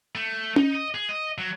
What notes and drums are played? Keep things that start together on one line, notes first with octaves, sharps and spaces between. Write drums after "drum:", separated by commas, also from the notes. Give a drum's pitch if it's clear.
A3
D#4, drum: tom C#4
D#5
G#4
D#5
F#3